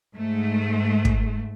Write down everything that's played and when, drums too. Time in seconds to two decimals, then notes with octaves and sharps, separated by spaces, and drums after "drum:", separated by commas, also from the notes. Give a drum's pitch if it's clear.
0.14 G#2 A3
1.05 drum: kick